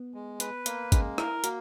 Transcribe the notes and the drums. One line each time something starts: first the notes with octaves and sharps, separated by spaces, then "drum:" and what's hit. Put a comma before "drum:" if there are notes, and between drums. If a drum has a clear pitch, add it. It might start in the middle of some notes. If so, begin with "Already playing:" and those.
Already playing: B3
G#3
B4, drum: hi-hat
A#3, drum: hi-hat
G#3 C#4, drum: kick, hi-hat
E4 A#4, drum: rim click
A#3 F#4, drum: hi-hat